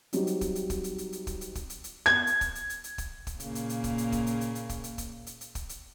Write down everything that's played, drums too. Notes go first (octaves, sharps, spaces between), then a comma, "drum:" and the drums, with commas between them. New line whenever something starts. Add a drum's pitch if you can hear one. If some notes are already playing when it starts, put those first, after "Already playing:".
F#3 G3 C4 D#4, drum: hi-hat
drum: hi-hat
drum: kick, hi-hat
drum: hi-hat
drum: kick, hi-hat
drum: hi-hat
drum: hi-hat
drum: hi-hat
drum: kick, hi-hat
drum: hi-hat
drum: kick, hi-hat
drum: hi-hat
drum: hi-hat
G#6
drum: hi-hat
drum: kick, hi-hat
drum: hi-hat
drum: hi-hat
drum: hi-hat
drum: kick, hi-hat
drum: kick, hi-hat
A#2 C#3 A#3, drum: hi-hat
drum: hi-hat
drum: hi-hat
drum: kick, hi-hat
drum: hi-hat
drum: kick, hi-hat
drum: hi-hat
drum: hi-hat
drum: hi-hat
drum: kick, hi-hat
drum: hi-hat
drum: kick, hi-hat
drum: hi-hat
drum: hi-hat
drum: kick, hi-hat
drum: hi-hat